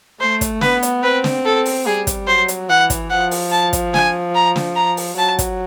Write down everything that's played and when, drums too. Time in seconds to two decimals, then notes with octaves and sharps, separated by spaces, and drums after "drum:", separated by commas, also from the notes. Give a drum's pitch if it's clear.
0.21 A3 C5
0.41 drum: kick, hi-hat
0.61 B3 B4, drum: snare
0.83 drum: hi-hat
1.03 C4 B4
1.24 drum: snare
1.45 A4
1.65 drum: open hi-hat
1.86 G3 G#4
2.07 drum: kick, hi-hat
2.27 F#3 C5
2.48 drum: hi-hat
2.69 E3 F#5
2.90 drum: kick, hi-hat
3.10 F3 F#5
3.31 drum: open hi-hat
3.51 A5
3.73 drum: kick, hi-hat
3.94 G#5, drum: snare
4.35 A#5
4.56 drum: snare
4.76 A#5
4.97 drum: open hi-hat
5.18 F#3 A5
5.39 drum: kick, hi-hat